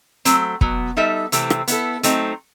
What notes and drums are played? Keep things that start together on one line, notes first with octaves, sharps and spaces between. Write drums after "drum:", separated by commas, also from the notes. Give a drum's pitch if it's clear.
F#3 A3 C4, drum: hi-hat
B2 F#3 B3, drum: kick
G3 D#4 A4 E5
C3 E3 A3 C4, drum: hi-hat
drum: rim click
B3 E4 A4, drum: hi-hat
F#3 A3 C4 D#4, drum: hi-hat